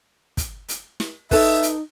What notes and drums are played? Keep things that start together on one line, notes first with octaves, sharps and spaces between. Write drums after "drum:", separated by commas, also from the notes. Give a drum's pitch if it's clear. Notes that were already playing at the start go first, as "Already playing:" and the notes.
drum: kick, hi-hat
drum: hi-hat
drum: snare
D#4 A4 B4 E5, drum: kick, open hi-hat
drum: hi-hat